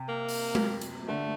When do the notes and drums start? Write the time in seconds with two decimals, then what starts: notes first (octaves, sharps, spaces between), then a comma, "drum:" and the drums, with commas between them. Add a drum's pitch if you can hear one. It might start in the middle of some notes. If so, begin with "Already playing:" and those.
Already playing: C3
0.09 A#3
0.29 drum: open hi-hat
0.55 drum: tom G#3
0.81 drum: hi-hat
1.08 D3 A3